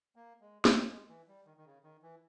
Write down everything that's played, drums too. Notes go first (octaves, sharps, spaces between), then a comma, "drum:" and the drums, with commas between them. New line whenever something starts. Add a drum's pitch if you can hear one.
A#3
G#3
G3, drum: snare
G#3
E3
G3
D#3
D#3
C#3
D#3
E3